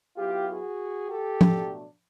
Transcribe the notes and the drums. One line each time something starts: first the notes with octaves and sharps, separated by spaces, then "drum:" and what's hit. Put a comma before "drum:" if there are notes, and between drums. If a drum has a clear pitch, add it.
F#3 B3 E4 F4 G4
F#4 G#4
G4 A4
B2 F#3 A3 D4, drum: tom F3